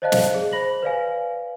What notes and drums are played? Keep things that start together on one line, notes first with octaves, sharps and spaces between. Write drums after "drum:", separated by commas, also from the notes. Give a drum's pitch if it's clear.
C5 D5 D#5 F5 A5 F#6
drum: snare
G#4
C5 B5 A#6 F#7
B4 D5 F5 G#5